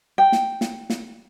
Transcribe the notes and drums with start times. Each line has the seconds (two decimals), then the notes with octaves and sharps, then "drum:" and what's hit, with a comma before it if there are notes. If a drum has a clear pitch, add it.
0.18 G5
0.32 drum: snare
0.61 drum: snare
0.90 drum: snare